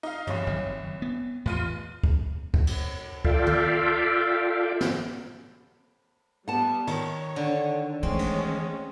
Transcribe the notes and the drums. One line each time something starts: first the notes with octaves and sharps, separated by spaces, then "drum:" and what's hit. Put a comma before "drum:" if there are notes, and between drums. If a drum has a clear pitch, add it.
D#4 F5
C2 C#4, drum: tom
F#1 D#3 F#3
B3
F1 E2 A2 E3 F4 D#7
drum: kick C#2
drum: kick C#2
drum: cymbal
F4 A4 D5 E5 F5 G5, drum: kick C#2
drum: tom D#3
drum: snare
G3 B3 F#5 A5
D#3 C#5, drum: cymbal
D3
E3 G#3 A3 C4 C#4
drum: cymbal